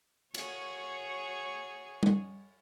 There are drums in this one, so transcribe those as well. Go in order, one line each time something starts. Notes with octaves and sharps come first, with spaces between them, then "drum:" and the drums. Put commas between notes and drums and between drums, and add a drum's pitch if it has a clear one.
F#4 G#4 C#5, drum: cymbal
drum: tom G3